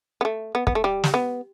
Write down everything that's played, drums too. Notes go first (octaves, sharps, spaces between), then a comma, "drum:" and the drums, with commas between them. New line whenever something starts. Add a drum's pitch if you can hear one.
B3
A3
B3
B3, drum: kick
A3
G3
drum: snare
B3